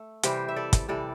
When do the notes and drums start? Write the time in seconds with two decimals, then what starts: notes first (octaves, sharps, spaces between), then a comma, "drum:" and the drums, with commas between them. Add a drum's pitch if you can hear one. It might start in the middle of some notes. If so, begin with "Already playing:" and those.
Already playing: A3
0.23 C3 E3 G3 G4 C5, drum: hi-hat
0.48 E5
0.56 A4 D5
0.73 drum: kick, hi-hat
0.89 C3 E3 G3 A4 D5